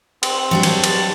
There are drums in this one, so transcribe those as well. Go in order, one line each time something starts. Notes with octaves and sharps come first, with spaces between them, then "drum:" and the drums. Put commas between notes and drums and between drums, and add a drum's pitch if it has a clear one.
C4, drum: cymbal
F#3 G3 D4
drum: cymbal
drum: cymbal